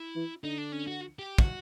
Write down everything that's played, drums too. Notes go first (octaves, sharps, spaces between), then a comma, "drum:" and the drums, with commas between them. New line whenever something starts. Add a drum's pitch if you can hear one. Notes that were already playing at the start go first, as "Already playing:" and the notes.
Already playing: E4
E3
D3 D#4
D4
C#4
F#4
G4
F#4, drum: kick